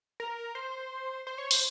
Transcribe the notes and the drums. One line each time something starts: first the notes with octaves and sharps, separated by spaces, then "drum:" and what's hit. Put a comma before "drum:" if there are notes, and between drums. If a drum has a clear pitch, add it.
A#4
C5
C5
C#5
C5, drum: open hi-hat